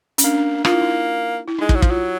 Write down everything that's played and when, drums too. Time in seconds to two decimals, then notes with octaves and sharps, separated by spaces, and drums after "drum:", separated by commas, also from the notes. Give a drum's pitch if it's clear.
0.18 C#4, drum: hi-hat
0.24 A#3 D4
0.34 D4
0.55 D4
0.65 A#3 F4, drum: rim click
0.73 E4
0.81 D#4
0.89 E4
1.48 E4
1.59 G#3 D#4
1.69 E4, drum: kick
1.75 F#3
1.82 F3, drum: kick
1.89 F#3 F4